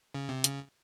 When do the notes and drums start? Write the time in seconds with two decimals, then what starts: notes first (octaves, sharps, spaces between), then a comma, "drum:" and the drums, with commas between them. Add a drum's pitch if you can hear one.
0.14 C#3
0.29 C3
0.44 C#3, drum: hi-hat